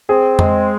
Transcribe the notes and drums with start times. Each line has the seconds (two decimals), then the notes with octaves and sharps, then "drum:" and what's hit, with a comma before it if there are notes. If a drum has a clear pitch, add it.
0.09 C4 G#4
0.39 G#3, drum: tom F2